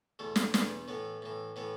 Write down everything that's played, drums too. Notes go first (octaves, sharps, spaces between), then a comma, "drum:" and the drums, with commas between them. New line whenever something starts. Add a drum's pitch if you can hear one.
E2 B2 A3
drum: snare
E2 B2 B3, drum: snare
A2 E3 B3
A2 E3
A2 E3 B3